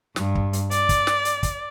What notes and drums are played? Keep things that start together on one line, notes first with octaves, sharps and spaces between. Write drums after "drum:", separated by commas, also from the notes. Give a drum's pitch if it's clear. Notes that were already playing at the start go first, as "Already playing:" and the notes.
G2, drum: snare
drum: kick
drum: hi-hat
D5, drum: hi-hat
drum: kick, hi-hat
drum: snare
drum: hi-hat
drum: kick, hi-hat